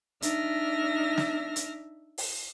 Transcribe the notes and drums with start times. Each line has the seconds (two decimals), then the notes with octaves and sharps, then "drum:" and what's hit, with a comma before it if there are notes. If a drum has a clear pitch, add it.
0.22 D4 D#4 E5 F6 A#6, drum: hi-hat
1.18 drum: snare
1.56 drum: hi-hat
2.18 drum: open hi-hat